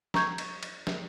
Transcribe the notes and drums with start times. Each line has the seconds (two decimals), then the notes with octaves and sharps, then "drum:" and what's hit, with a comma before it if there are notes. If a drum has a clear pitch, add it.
0.14 A#5 C#6 G6 G#6, drum: snare
0.38 drum: cymbal
0.63 drum: cymbal
0.87 drum: snare